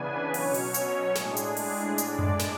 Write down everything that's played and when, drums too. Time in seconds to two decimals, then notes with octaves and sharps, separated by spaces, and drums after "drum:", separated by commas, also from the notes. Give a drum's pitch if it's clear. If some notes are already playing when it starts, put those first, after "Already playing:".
Already playing: C#3 E3 B3 D4 B4 G#5
0.34 B2 F#3 C#4 C#5, drum: open hi-hat
0.54 drum: open hi-hat
0.74 C#5, drum: hi-hat
1.15 A2 G#3 D4 G#4, drum: snare
1.37 drum: hi-hat
1.57 G#4, drum: open hi-hat
1.98 A2 G#3 D4 D5, drum: hi-hat
2.19 drum: tom F#2
2.39 drum: snare